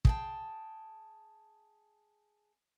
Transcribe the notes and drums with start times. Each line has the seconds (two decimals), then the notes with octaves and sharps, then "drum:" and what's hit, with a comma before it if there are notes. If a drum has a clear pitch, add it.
0.05 G#4 G5 A5, drum: kick